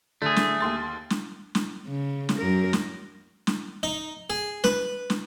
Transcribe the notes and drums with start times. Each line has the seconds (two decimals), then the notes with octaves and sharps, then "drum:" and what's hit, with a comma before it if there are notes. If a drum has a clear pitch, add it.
0.22 D3 A3 G#4
0.36 drum: snare
0.61 D#2 C6 A6
1.10 drum: snare
1.55 drum: snare
1.88 C#3
2.29 drum: snare
2.38 F#2 A#4
2.73 drum: snare
3.47 drum: snare
3.83 D#4
4.30 G#4
4.64 B4, drum: snare
5.10 drum: snare